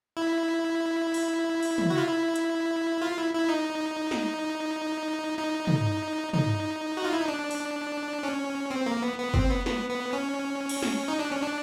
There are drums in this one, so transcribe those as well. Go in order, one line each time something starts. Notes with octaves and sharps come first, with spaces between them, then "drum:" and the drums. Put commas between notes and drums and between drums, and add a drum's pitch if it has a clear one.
E4
drum: open hi-hat
drum: open hi-hat
drum: tom
F#4
F4
E4
drum: hi-hat
F4
E4
E4
D#4
drum: snare
D#4
drum: tom
D#4, drum: tom
F#4
F4
E4
D#4
D4
drum: open hi-hat
C#4
C4
A#3
B3
B3
C4, drum: kick
B3
B3, drum: snare
B3
C#4
drum: cymbal
drum: snare
D#4
D4
C#4
D4